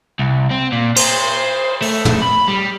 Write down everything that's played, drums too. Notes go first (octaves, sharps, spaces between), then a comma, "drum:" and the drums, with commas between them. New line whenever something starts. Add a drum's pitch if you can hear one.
C2
C4
A#2
C5, drum: cymbal
A3, drum: open hi-hat
drum: tom
B5
G3